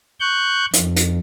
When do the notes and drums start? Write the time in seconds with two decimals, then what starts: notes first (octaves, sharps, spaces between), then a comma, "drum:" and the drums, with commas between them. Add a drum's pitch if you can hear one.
0.20 C#6 F#6 G6
0.74 F2, drum: hi-hat
0.96 drum: hi-hat